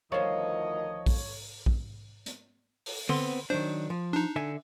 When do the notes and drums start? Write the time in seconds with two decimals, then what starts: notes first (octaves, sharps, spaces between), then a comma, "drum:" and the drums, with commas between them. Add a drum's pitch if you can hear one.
0.12 D2 D#3 F3 C5 C#5 D#5
1.06 drum: kick A#1, open hi-hat
1.66 drum: kick A#1
2.26 drum: hi-hat
2.86 drum: open hi-hat
3.09 D3 B3 C4 C6
3.50 D#3 F#3 D4 C5
3.90 F3
4.13 D4 D#4
4.36 D3 E5 G#5